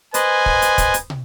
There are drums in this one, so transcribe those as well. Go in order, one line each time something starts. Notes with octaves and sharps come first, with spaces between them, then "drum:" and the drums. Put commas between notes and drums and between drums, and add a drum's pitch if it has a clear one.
B4 C5 D#5 G#5, drum: hi-hat
drum: kick
drum: hi-hat
drum: kick, hi-hat
drum: hi-hat
drum: tom